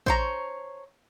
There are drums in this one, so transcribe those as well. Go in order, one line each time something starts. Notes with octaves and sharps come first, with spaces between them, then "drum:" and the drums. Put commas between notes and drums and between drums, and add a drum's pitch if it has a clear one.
C5 C#5 A#5, drum: kick